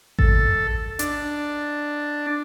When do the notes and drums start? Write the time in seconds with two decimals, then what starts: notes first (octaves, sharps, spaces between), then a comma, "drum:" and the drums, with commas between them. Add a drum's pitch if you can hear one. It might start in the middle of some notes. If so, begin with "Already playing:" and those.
0.19 A4, drum: kick A1
0.99 D4, drum: hi-hat